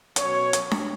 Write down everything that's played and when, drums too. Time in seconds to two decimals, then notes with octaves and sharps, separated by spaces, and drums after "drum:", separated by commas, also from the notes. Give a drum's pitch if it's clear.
0.16 B2 F#3 C#4 C#5, drum: hi-hat
0.53 drum: hi-hat
0.71 drum: snare D4